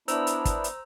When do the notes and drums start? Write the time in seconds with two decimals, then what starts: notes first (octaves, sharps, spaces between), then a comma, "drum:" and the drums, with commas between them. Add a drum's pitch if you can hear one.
0.08 B3 D4 E4 C5 A#5 E6, drum: hi-hat
0.27 drum: hi-hat
0.45 drum: kick, hi-hat
0.64 drum: hi-hat